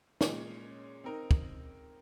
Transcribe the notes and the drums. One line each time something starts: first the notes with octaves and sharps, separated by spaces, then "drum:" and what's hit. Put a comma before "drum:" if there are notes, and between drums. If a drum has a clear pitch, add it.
A#2 G#3 C#4, drum: snare
C4 D#4 A#4
drum: kick